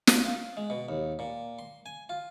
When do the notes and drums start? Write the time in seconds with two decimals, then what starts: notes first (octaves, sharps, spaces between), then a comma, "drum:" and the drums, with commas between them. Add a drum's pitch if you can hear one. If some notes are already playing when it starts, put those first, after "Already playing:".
0.07 drum: snare
0.25 F4
0.57 G#3
0.70 B2
0.89 D#2
1.19 A#2
1.59 C6
1.86 G#5
2.09 F4